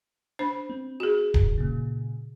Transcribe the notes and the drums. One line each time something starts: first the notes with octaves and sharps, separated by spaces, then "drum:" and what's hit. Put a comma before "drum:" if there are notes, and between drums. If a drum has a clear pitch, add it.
D4 C5 B5
C4
F#4 G#4
drum: kick D1
A#2 C#3